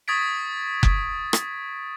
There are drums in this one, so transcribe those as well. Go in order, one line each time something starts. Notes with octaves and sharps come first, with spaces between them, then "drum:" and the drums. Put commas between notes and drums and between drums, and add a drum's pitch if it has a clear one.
C#6 D#6 G#6 A6 B6 D7
drum: kick F#1
drum: rim click